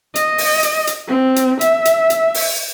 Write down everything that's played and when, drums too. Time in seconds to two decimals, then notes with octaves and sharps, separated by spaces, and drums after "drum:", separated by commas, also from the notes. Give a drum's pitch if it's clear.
0.15 D#5, drum: hi-hat
0.38 drum: open hi-hat
0.63 drum: hi-hat
0.87 drum: hi-hat
1.08 C4
1.36 drum: hi-hat
1.61 E5, drum: hi-hat
1.85 drum: hi-hat
2.10 drum: hi-hat
2.34 drum: open hi-hat